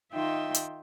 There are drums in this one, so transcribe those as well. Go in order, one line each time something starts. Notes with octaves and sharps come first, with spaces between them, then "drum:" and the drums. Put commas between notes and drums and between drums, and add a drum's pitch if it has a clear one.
D#3 D#4 F4 E5 G5 C6
drum: hi-hat